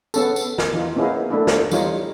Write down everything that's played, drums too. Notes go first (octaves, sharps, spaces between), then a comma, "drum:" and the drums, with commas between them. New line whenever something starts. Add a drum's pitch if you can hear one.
B3 C#4 A4, drum: tambourine
drum: tambourine
drum: snare
E3 D#4 F4
A#3 B3 C#4 D#4 E4 G#4
A3 D4 E4
drum: snare
E3 G3 D#4 F4 C#5, drum: tambourine